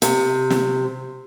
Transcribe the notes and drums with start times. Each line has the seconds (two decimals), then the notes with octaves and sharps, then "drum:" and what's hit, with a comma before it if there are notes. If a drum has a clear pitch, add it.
0.02 C3, drum: hi-hat
0.50 drum: snare